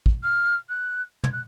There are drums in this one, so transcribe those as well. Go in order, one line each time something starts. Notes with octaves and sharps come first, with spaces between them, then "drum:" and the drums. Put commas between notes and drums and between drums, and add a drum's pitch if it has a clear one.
drum: kick
F6
F#6
G#6, drum: tom
F#6